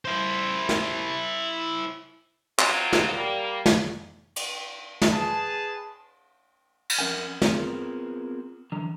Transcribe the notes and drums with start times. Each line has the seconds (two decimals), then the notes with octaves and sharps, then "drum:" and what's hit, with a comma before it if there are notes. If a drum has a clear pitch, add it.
0.05 E4 C5
0.69 drum: snare
2.59 C#3 F#3 G#3 C4 F4, drum: clap
2.93 drum: snare
3.12 G3 A#3
3.66 drum: snare
4.36 drum: cymbal
5.02 drum: snare
5.12 G#4 B4 A5
6.89 drum: cymbal
6.99 F2 C#4 A#4 E5 F#5 G#5
7.42 B3 C4 F4 G#4 A#4, drum: snare
8.72 F#2 D3 E3 A#5